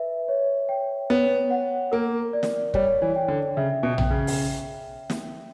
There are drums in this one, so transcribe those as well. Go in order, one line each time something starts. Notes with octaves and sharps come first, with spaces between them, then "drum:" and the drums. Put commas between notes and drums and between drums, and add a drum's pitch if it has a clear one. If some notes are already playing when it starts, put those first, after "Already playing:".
Already playing: B4 E5
C#5
G5
B3 C#5
F#5
A#3 A#4
D5
drum: snare
G3 C#5, drum: kick
E3
G5
D3
C#3 E5
B2
G5, drum: tom A#1
C#3
drum: open hi-hat
drum: snare